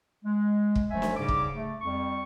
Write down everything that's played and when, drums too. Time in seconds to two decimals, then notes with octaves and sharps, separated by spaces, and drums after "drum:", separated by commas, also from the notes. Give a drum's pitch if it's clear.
0.24 G#3
0.75 drum: kick
0.90 F#2 F3 F#3 A3 E5 G#5
1.02 drum: snare
1.16 G#2 C#3 G3 D6
1.28 drum: kick
1.55 A3
1.81 F2 G3 C#6